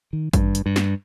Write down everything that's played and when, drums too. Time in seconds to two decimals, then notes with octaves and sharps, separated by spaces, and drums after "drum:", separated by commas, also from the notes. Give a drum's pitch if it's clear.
0.13 D#3
0.33 G2, drum: kick, hi-hat
0.55 drum: hi-hat
0.66 G2
0.76 drum: snare